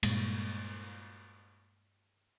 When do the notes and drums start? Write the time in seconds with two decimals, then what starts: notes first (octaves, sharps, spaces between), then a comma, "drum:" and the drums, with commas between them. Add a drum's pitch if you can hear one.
0.03 G2 A#2 G#3, drum: cymbal